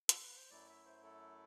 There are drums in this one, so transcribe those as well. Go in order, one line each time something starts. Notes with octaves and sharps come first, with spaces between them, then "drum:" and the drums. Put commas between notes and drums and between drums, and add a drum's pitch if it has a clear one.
A4, drum: hi-hat
B4
C5
F#2 F#3 A3 E4 D5
E5
C5
A4